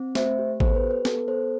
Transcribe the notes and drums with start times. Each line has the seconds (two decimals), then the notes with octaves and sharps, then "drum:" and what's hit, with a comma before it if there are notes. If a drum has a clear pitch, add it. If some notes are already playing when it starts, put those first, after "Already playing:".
Already playing: C4
0.15 A3 C5 E5, drum: snare
0.38 G4
0.60 B3 A4 C5, drum: kick
0.75 B4
0.83 G4
0.91 B4
1.05 B3 A4, drum: snare
1.28 B3 A4 C5